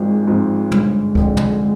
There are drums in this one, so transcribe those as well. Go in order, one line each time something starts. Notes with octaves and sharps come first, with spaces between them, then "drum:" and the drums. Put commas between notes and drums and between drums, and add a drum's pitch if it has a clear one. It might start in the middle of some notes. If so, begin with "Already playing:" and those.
Already playing: G#1 G#2 F3 G#3 C4
G#2 F3 C4
G1 G#3, drum: tom
F2 D3, drum: kick C#2
drum: tom